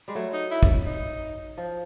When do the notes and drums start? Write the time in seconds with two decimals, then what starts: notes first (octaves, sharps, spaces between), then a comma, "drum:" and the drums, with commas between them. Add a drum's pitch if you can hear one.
0.08 G3 G#3
0.15 F#3 A3
0.33 D#4
0.51 E4
0.63 drum: kick
0.86 D#4
1.58 F3